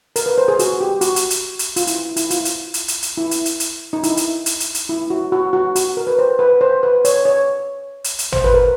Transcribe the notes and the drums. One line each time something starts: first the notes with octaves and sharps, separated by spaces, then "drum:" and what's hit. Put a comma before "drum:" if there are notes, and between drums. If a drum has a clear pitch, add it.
A#4, drum: hi-hat
B4
C5
G#4
F#4, drum: hi-hat
G4
F#4, drum: hi-hat
drum: hi-hat
drum: hi-hat
drum: hi-hat
F4, drum: hi-hat
E4, drum: hi-hat
E4, drum: hi-hat
F4, drum: hi-hat
drum: hi-hat
drum: hi-hat
drum: hi-hat
drum: hi-hat
E4
drum: hi-hat
drum: hi-hat
drum: hi-hat
D#4
E4, drum: hi-hat
drum: hi-hat
drum: hi-hat
drum: hi-hat
drum: hi-hat
E4
F#4
F#4
F#4
F#4, drum: hi-hat
A#4
B4
C5
B4
C5
B4
C#5, drum: hi-hat
C#5
drum: hi-hat
drum: hi-hat
C5, drum: tom
B4
A#4